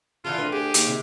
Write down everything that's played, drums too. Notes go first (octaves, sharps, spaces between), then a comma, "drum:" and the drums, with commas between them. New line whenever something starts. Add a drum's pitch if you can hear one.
D3 E3 F4 A4
D2 B3 C4
G4 G#4
D#2, drum: hi-hat
C3 G#3